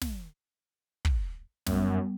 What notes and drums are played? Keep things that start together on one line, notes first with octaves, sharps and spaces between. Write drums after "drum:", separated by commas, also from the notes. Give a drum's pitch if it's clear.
drum: snare
drum: kick
F#2 G3 B3, drum: snare